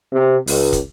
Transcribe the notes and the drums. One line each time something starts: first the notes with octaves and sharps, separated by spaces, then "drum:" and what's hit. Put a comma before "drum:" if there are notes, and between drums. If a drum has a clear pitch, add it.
C3
C#2, drum: open hi-hat
drum: kick, hi-hat